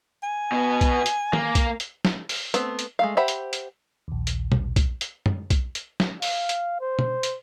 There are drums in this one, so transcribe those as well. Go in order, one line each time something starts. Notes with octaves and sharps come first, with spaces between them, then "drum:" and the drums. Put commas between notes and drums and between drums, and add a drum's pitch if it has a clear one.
G#5
B2 B3
drum: kick B1, hi-hat
drum: hi-hat
A#3, drum: tom
drum: kick B1, hi-hat
drum: hi-hat
drum: snare
drum: open hi-hat
A3 B3 C4, drum: hi-hat
drum: hi-hat
G#3 A3 F5
G4 C5 E5 F#5 B5
drum: hi-hat
drum: hi-hat
A#1 D#2
drum: hi-hat
drum: tom B2
drum: kick B1, hi-hat
drum: hi-hat
drum: tom
drum: kick B1, hi-hat
drum: hi-hat
drum: snare
F5, drum: open hi-hat
drum: hi-hat
C5
drum: tom
drum: hi-hat